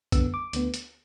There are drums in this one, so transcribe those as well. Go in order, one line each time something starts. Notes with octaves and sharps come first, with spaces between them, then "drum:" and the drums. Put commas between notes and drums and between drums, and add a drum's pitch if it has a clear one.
F#2 D3 B3 E6, drum: kick, hi-hat
D6
D2 D3 B3, drum: hi-hat
drum: hi-hat